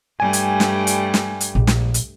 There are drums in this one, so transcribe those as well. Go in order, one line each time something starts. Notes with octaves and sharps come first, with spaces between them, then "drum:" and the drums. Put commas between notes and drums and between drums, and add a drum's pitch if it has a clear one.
G2 G3 A3 G#5
drum: hi-hat
drum: snare
drum: hi-hat
drum: snare
drum: hi-hat
A#1
drum: snare
drum: hi-hat